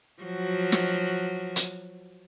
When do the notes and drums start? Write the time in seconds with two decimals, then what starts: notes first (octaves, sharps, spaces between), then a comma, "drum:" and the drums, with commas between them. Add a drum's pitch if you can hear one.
0.23 F3 F#3 F#4
0.72 drum: snare
1.56 drum: hi-hat